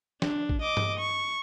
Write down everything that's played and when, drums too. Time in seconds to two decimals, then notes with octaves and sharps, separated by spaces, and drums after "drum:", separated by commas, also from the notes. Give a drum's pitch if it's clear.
0.22 D4, drum: snare
0.49 drum: kick
0.61 D#5 D6
0.77 drum: tom G2
0.99 C#6